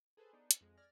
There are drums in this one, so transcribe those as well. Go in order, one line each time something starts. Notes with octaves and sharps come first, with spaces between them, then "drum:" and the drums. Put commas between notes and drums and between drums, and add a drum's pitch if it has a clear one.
G#4 A4 B4 C5 G#5
B3 D4 D#4
drum: hi-hat
F2 G#3
D5 F6 G#6 A#6